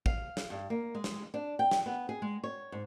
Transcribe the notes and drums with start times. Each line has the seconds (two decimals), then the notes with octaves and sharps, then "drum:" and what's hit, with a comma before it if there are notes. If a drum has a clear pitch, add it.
0.06 F5, drum: kick
0.37 drum: snare
0.50 G2
0.70 A#3
0.95 G#3
1.04 drum: snare
1.34 D4
1.59 G5
1.71 drum: snare
1.86 B3
2.09 G#4
2.22 G#3
2.44 C#5
2.72 G#2